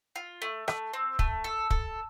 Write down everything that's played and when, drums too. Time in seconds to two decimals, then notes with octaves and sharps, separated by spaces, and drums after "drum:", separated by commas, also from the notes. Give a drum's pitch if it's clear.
0.16 F4
0.42 A3
0.68 A3, drum: rim click
0.93 C4
1.19 A3, drum: kick
1.44 A4
1.70 A4, drum: kick